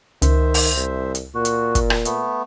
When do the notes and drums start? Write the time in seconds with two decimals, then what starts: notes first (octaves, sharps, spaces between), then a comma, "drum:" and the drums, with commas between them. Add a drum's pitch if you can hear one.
0.22 C#2 D#3 C5 E5, drum: hi-hat
0.54 drum: open hi-hat
0.77 C2
1.15 drum: hi-hat
1.35 A#2 F#4
1.45 drum: hi-hat
1.75 drum: kick, hi-hat
1.90 drum: rim click
2.05 A3 B3, drum: hi-hat